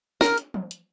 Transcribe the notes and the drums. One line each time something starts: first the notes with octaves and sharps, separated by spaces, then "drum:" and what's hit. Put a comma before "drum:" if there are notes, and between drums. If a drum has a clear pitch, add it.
A#4, drum: snare
drum: hi-hat
drum: tom E3
drum: hi-hat